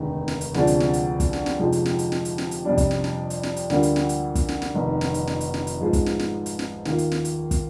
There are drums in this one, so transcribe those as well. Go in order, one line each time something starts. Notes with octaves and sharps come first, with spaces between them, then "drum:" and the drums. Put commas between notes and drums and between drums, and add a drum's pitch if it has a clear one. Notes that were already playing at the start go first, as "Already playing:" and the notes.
Already playing: F1 D#2 D3 G#3 D#4
drum: snare
drum: hi-hat
D2 C3 F3 G#3 D4, drum: snare
drum: hi-hat
drum: snare
drum: hi-hat
drum: kick, hi-hat
drum: snare
drum: snare
F2 C3 F3 G#3 D#4
drum: hi-hat
drum: snare
drum: hi-hat
drum: snare
drum: hi-hat
drum: snare
drum: hi-hat
F2 C3 G3 D4
drum: kick, hi-hat
drum: snare
drum: snare
drum: hi-hat
drum: snare
drum: hi-hat
D2 D3 G3 A#3 F4, drum: snare
drum: hi-hat
drum: snare
drum: hi-hat
drum: kick, hi-hat
drum: snare
drum: snare
F1 F2 D#3
drum: snare
drum: hi-hat
drum: snare
drum: hi-hat
drum: snare
drum: hi-hat
G#2 F3 G#3
drum: kick, hi-hat
drum: snare
drum: snare
drum: hi-hat
drum: snare
D#2 D#3 A#3 F4, drum: snare
drum: hi-hat
drum: snare
drum: hi-hat
drum: kick, hi-hat